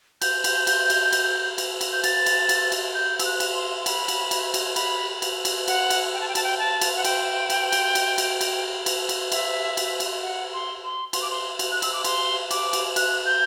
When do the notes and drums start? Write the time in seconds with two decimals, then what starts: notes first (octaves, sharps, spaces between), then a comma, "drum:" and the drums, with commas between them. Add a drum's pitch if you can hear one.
0.22 G6, drum: cymbal
0.44 drum: cymbal
0.67 drum: cymbal
0.90 drum: cymbal
1.13 drum: cymbal
1.58 drum: cymbal
1.81 drum: cymbal
1.92 G6
2.04 A6, drum: cymbal
2.26 drum: cymbal
2.49 drum: cymbal
2.72 drum: cymbal
2.94 G6
3.19 E6, drum: cymbal
3.25 F#6
3.40 drum: cymbal
3.55 C6
3.79 C6
3.86 B5, drum: cymbal
4.08 drum: cymbal
4.31 drum: cymbal
4.54 drum: cymbal
4.76 B5, drum: cymbal
5.22 drum: cymbal
5.45 drum: cymbal
5.68 F#5, drum: cymbal
5.90 drum: cymbal
6.14 G5
6.20 A5
6.28 G5
6.35 A5, drum: cymbal
6.44 G5
6.59 A5
6.81 drum: cymbal
6.96 F#5
7.05 G5, drum: cymbal
7.50 drum: cymbal
7.72 drum: cymbal
7.95 drum: cymbal
8.18 drum: cymbal
8.41 drum: cymbal
8.86 drum: cymbal
9.09 drum: cymbal
9.32 E5, drum: cymbal
9.77 drum: cymbal
10.00 drum: cymbal
10.23 F#5
10.53 C6
10.84 C6
11.13 C6, drum: cymbal
11.22 D6
11.30 C6
11.59 drum: cymbal
11.71 F#6
11.82 E6, drum: cymbal
11.93 D6
12.04 C6, drum: cymbal
12.51 D6, drum: cymbal
12.73 drum: cymbal
12.96 F#6, drum: cymbal
13.26 G6